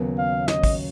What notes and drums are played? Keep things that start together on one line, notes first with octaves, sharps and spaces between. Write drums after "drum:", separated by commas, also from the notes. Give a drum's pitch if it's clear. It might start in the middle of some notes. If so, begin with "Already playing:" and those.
Already playing: D#2 C#3 F#3 B3
F5
D#5, drum: snare
drum: kick, open hi-hat